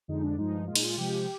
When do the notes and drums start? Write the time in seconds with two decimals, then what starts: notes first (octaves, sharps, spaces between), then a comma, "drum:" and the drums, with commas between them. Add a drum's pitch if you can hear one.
0.08 F2 D3 G#3 D#4
0.22 D4
0.38 G2 F3 G#3 D#4
0.67 A#2 G#3 F4
0.75 D#4, drum: cymbal
0.83 F4
0.97 C3 F3 G#3 G4